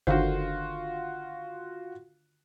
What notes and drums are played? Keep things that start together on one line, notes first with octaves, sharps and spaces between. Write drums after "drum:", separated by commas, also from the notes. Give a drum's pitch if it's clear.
D3 D#3 F4 F#4 C5, drum: kick F#1